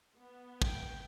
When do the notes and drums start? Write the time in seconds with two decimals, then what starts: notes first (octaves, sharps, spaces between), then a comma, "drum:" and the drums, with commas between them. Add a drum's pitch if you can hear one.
0.17 B3
0.62 G5, drum: kick